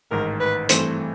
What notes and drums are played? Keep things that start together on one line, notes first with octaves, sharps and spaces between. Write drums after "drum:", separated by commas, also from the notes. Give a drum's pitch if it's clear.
A1 G#2 D#3 A#4
B4
G2 E3 A3 C4 C5, drum: hi-hat